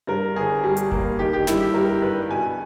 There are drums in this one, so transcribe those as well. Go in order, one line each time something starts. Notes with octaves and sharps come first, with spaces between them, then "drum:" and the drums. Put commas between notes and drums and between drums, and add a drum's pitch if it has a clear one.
G2 A#4
G1 G#4
G3
drum: hi-hat
A#3, drum: kick E1
D#3 G4
G4
G2 E4, drum: snare
G4
G3 A#4
G2 B4
B2 G#5